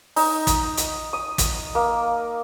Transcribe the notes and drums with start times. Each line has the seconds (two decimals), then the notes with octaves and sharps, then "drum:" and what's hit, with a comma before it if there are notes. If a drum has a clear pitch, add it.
0.16 D#4, drum: open hi-hat
0.47 drum: kick, hi-hat
0.77 drum: hi-hat
1.13 D#6
1.38 drum: kick, hi-hat
1.75 A#3